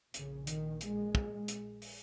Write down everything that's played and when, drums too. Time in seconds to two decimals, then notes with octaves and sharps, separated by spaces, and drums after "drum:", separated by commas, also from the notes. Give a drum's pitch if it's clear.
0.14 A#1 A#2 C#3, drum: hi-hat
0.47 D#3, drum: hi-hat
0.81 G#3, drum: hi-hat
1.15 drum: kick
1.48 drum: hi-hat
1.82 drum: open hi-hat